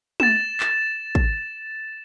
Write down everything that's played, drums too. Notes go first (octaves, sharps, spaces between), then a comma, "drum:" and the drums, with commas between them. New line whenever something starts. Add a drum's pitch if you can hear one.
A6 E7, drum: tom
drum: clap
drum: kick